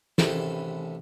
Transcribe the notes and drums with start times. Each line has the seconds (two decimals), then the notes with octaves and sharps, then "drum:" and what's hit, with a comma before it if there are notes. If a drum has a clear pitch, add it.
0.18 A1 C3 D#3 G#4 A4 B4, drum: snare